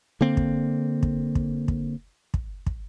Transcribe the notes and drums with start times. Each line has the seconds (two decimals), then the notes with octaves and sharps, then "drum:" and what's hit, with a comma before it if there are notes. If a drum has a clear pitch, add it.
0.21 D3 A#3 C4
0.37 drum: kick
1.03 drum: kick
1.35 drum: kick
1.68 drum: kick
2.34 drum: kick
2.66 drum: kick